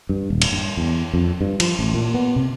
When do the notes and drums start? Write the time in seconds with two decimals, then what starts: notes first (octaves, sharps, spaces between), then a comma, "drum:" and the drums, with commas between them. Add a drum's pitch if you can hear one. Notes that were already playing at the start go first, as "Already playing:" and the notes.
0.09 G2
0.30 D#1
0.42 drum: cymbal
0.52 G2
0.77 E2
1.14 F2
1.41 G2
1.60 F3, drum: cymbal
1.79 A1
1.94 A#2
2.14 B3
2.36 C3